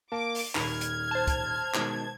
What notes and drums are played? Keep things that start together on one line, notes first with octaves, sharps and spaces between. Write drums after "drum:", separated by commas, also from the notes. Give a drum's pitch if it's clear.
A#3 A5 D6
drum: open hi-hat
D#1 D#3 B5 F6 G#6, drum: clap
drum: hi-hat
C5 A5
drum: kick, hi-hat
B2 D#3 G#3, drum: clap